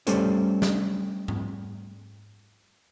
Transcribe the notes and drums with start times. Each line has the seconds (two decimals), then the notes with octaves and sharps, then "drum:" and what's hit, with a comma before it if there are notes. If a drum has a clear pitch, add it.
0.07 G3 A3 C#4 A4 C5 D5, drum: hi-hat
0.62 drum: snare
1.28 drum: tom G#2